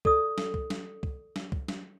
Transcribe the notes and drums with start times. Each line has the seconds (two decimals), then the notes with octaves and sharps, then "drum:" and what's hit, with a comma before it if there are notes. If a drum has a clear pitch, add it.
0.05 A4 D5 D#6, drum: kick C2
0.38 drum: snare
0.54 drum: kick C2
0.70 drum: snare
1.03 drum: kick C2
1.36 drum: snare
1.52 drum: kick C2
1.68 drum: snare